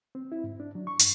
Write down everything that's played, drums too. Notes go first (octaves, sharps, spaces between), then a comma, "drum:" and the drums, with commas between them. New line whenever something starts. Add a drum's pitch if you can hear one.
C4
E4
G#2
D4
F#3
C#6
G2, drum: hi-hat